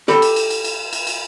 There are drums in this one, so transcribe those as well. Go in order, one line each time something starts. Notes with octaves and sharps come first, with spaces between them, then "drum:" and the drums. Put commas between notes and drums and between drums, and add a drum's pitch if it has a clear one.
G4 A4 B5, drum: snare
drum: cymbal
drum: cymbal
drum: cymbal
drum: cymbal
drum: cymbal
drum: cymbal